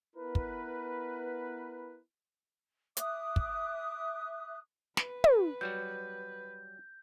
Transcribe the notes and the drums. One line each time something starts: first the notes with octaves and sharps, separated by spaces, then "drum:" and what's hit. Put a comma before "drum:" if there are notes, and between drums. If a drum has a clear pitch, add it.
B3 E4 A#4 B4
drum: kick
E5 D6 D#6 F#6, drum: hi-hat
drum: kick
B4, drum: snare
drum: tom
F#3 G3 F#4 G6